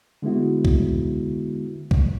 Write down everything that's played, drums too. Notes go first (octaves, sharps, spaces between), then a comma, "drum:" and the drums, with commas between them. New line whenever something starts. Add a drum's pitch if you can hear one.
D3 G#3 B3 E4 F#4
drum: kick C2
drum: kick C2